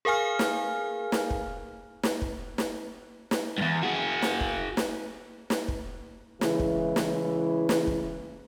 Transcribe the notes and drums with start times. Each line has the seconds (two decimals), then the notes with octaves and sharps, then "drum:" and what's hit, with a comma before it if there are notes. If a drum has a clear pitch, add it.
0.05 G#4 A#4 F5 G#5 F6
0.39 drum: snare
1.12 drum: snare
1.30 drum: kick
2.03 drum: snare
2.22 drum: kick
2.58 drum: snare
3.31 drum: snare
3.58 E2 G2
3.83 F#4 G#4
4.22 drum: snare
4.41 drum: kick
4.77 drum: snare
5.50 drum: snare
5.68 drum: kick
6.41 C#3 E3 G#3 E4, drum: snare
6.60 drum: kick
6.96 drum: snare
7.69 drum: snare
7.87 drum: kick